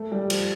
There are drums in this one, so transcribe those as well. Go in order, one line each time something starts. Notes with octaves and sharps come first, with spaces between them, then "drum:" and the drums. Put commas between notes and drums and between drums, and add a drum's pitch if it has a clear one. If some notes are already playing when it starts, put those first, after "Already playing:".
Already playing: A3
G3
F3, drum: cymbal